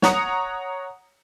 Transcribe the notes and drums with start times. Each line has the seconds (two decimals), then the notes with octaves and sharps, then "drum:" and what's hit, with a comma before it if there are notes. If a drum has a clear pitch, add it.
0.02 C#5 F#5 A#5 D#6 C#7, drum: snare